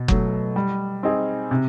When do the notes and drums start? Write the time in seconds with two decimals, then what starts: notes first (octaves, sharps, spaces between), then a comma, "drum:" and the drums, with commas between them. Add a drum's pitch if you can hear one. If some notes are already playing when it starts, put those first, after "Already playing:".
Already playing: B2
0.08 F#3 A3, drum: kick F#1
0.56 G3
1.03 C4 D#4 G#4
1.51 C3